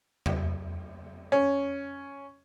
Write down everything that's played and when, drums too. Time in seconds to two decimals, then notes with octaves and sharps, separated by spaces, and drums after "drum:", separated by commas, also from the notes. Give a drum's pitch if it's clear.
0.26 drum: tom E2
1.32 C#4